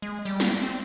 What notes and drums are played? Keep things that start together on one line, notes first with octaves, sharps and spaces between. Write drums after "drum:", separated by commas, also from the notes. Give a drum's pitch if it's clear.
G#3
G3, drum: tambourine
drum: snare
C4